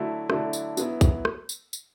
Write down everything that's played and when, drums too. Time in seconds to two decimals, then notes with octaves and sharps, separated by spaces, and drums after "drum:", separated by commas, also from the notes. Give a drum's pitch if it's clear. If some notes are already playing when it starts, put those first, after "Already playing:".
Already playing: D3 F#3 A3 E4
0.30 D3 F#3 A3 E4, drum: rim click
0.53 drum: tambourine
0.77 F#3 B3 E4, drum: tambourine
1.01 drum: kick B1, tambourine
1.25 drum: rim click
1.49 drum: tambourine
1.73 drum: tambourine